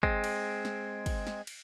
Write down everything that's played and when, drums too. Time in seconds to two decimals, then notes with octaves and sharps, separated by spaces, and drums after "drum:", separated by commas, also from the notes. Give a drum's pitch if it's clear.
0.03 G#3 C4, drum: kick
0.24 drum: cymbal
0.65 drum: snare
1.06 drum: kick, cymbal
1.27 drum: snare
1.47 drum: cymbal